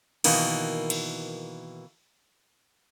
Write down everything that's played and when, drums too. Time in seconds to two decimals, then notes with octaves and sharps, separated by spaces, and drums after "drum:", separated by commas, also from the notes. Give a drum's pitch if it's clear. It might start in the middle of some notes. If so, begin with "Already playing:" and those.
0.24 B2 D#3 E3 A#3, drum: cymbal
0.90 drum: cymbal